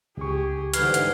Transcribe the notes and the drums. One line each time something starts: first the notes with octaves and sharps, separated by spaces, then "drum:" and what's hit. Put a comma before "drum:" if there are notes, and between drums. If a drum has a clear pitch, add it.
C#2 G4 G#4 C#6
G#2 D3 E3 G3 B4 F6 G#6 C7, drum: hi-hat
drum: hi-hat